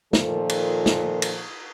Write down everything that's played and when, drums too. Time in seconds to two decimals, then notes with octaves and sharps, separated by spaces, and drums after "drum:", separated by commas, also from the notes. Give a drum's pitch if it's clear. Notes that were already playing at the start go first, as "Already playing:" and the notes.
0.13 A#2 D#3 F3 A4, drum: snare
0.50 drum: cymbal
0.86 drum: snare
1.22 drum: cymbal